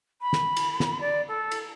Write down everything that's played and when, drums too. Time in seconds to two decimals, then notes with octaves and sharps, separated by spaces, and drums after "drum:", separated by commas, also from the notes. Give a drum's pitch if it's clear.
0.21 B5
0.33 drum: snare
0.57 drum: cymbal
0.80 drum: snare
1.00 D5
1.28 A4
1.51 drum: cymbal